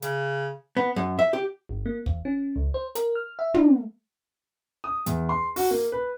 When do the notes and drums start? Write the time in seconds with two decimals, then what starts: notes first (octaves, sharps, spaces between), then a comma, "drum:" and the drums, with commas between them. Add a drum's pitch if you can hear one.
0.02 C#3, drum: hi-hat
0.77 B3
0.96 F#2
1.19 E5
1.33 G4
1.69 G1
1.86 A#3
2.06 E2, drum: kick
2.25 C#4
2.56 C#2
2.74 C5
2.95 A#4, drum: hi-hat
3.15 F6
3.39 E5
3.54 D4, drum: tom
4.84 D#6
5.06 E2, drum: hi-hat
5.29 C6
5.56 F#4, drum: open hi-hat
5.71 A#3
5.92 B4